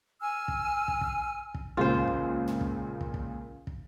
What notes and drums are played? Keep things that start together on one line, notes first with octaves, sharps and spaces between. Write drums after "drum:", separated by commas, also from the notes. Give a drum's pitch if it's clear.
G#5 E6 F6
drum: kick
drum: kick
drum: kick
drum: kick
C#2 A#2 C#3 F4 C5
drum: kick
drum: kick
drum: tom
drum: kick
drum: kick
drum: kick
drum: kick